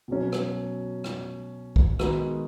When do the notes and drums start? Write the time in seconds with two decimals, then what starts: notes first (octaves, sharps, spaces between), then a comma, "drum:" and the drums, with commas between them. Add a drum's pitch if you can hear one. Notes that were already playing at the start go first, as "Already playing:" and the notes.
0.08 B2 F#3 C#4
0.32 drum: rim click
1.04 drum: rim click
1.76 drum: kick
1.99 D#3 G#3 B3 D#4 F#4, drum: rim click